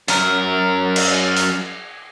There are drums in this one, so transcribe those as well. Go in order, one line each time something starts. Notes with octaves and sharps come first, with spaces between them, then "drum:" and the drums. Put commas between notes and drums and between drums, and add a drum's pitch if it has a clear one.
F#2 A#4, drum: open hi-hat
drum: cymbal
drum: open hi-hat